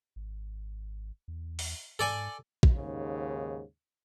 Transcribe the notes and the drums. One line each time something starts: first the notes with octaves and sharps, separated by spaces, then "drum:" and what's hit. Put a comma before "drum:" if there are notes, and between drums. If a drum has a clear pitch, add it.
G#1
E2
drum: open hi-hat
G#2 A4 D5 G#5
drum: kick
D#2 G#2 C#3